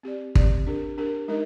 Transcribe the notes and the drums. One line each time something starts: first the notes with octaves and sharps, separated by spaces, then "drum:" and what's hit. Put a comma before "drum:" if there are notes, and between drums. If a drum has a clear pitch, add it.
C4 G4 D5
C4 G4 D5, drum: kick
D4 G4 A#4
D4 G4 A#4
G#3 D#4 A#4 D#5